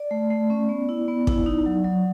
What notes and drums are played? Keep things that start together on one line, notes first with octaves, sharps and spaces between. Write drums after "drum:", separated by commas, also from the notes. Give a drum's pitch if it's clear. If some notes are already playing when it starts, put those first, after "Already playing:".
Already playing: D5
A3
A3
C#4
B3
E4
B3
E4, drum: kick
D#4
F#3
F#3